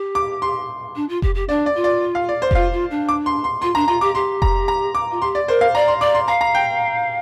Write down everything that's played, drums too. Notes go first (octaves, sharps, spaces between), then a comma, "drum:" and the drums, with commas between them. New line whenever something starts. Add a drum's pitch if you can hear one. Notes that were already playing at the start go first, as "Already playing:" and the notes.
Already playing: G4
D6
C6
D4
F4
G4, drum: kick F1
G4
D4 D5
D5
F4
D5
F5
D5
C5
G4, drum: kick F1
F4 F5
F4
D4
D6
C6
C6
F4 C6
D4 A#5
F4 A#5
G4 D6
G4 C6
A#5, drum: kick F1
A#5
D6
F4
G4 C6
D5
A#4 C5
F5
D5 A#5
C6
D5 D6
C6
F5 A#5
A#5
G5